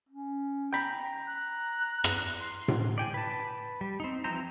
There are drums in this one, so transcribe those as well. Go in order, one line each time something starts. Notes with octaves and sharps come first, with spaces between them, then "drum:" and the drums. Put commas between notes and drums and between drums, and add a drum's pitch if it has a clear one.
C#4
G5 A#5 B5
F#6
drum: rim click
C6
drum: tom A2
D5 G5 G#5
B4 A5
G3
C4 D#4
E3 F3 C4 C5 A#5